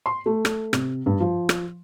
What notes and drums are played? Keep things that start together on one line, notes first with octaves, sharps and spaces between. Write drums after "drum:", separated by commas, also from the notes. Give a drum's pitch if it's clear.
C6
A3
drum: rim click
C3, drum: rim click
G2
F3
drum: rim click